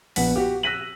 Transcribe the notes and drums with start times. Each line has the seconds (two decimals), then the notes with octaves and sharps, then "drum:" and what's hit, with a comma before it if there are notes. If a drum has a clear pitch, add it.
0.16 A#1 B3 F#5 B6, drum: open hi-hat
0.36 F#4 G4
0.63 E6 F#6 A#6 B6 D#7 F#7